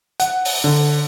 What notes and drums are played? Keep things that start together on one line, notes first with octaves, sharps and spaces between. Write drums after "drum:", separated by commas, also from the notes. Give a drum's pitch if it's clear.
F#5, drum: hi-hat
drum: open hi-hat
D3